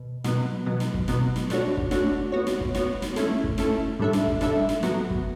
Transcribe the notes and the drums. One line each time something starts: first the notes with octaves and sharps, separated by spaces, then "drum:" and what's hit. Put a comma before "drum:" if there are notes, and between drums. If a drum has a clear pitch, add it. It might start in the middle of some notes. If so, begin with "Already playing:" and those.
Already playing: B2
B2 F#3 B3, drum: snare
B2 F#3 B3
drum: snare
drum: kick
B2 F#3 B3, drum: snare
drum: snare
A3 D4 F#4 C#5, drum: snare
drum: kick
A3 D4 F#4 C#5, drum: snare
B3 F#4 C#5
drum: snare
drum: kick
B3 F#4 C#5, drum: snare
drum: snare
A3 C#4 E4 A4, drum: snare
drum: kick
A3 C#4 E4 A4, drum: snare
A2 G3 D4 A4 E5
drum: snare
drum: kick
A2 G3 D4 A4 E5, drum: snare
drum: snare
F#3 B3 F#4, drum: snare
drum: kick